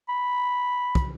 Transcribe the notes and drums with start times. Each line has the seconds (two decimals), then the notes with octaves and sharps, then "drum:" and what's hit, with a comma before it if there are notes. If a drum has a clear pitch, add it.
0.09 B5
0.95 drum: kick